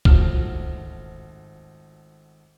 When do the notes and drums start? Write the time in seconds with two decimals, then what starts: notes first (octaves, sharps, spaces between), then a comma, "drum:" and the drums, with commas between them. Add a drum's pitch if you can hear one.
0.05 G#1 F3 A3 F#4 F6 E7, drum: kick